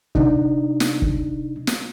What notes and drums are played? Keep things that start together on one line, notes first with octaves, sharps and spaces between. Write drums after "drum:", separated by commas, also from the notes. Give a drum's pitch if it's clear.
C3 D4 D#4, drum: kick
drum: snare
drum: kick
drum: snare